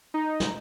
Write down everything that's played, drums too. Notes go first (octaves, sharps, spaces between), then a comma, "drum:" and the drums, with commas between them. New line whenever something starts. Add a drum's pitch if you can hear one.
D#4
drum: snare